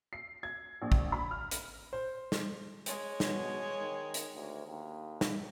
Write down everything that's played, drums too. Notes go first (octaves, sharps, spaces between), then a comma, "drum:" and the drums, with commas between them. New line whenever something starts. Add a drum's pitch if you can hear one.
C7
G#6
A#1
drum: kick
B5
F6
drum: hi-hat
C5
drum: snare
G#3 C#5, drum: hi-hat
B2, drum: snare
D#3
drum: hi-hat
D2
D#2
drum: snare